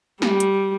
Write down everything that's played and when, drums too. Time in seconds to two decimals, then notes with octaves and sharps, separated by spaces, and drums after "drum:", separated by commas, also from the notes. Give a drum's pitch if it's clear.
0.22 G3, drum: snare
0.40 drum: hi-hat